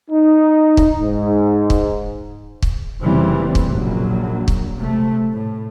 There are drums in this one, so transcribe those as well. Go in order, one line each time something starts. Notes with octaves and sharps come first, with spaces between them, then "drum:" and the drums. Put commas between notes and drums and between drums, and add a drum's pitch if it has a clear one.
D#4
drum: kick
G#2
drum: kick
drum: kick
F1 A#2 C#3 E3 G3 C4
drum: kick
A#1 F#2 F#3
drum: kick
C3 A3
A2